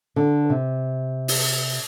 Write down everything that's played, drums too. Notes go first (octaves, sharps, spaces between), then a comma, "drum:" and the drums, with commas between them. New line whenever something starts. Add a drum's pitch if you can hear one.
D3
C3
drum: open hi-hat